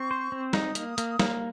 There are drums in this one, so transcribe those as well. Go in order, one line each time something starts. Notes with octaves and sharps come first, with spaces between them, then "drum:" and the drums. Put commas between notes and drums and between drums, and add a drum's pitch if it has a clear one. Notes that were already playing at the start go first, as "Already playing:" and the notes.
Already playing: C4 C#6
C5
C4
D#4 D#6, drum: snare
A#3, drum: hi-hat
A#3, drum: hi-hat
A#3, drum: snare